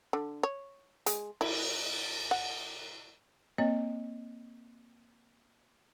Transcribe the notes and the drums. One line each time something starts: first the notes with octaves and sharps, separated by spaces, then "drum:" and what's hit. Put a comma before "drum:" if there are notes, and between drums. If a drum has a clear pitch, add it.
D3
C#5
G#3, drum: hi-hat
E4, drum: cymbal
F#5
A#3 C4 C#5 D#5